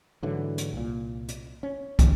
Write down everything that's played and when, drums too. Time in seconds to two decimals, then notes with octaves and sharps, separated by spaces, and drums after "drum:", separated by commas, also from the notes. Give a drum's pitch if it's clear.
0.23 G#2 D3 E3 F#3
0.58 drum: hi-hat
0.73 C2 A#2
1.28 drum: hi-hat
1.63 C#4
1.99 drum: kick, hi-hat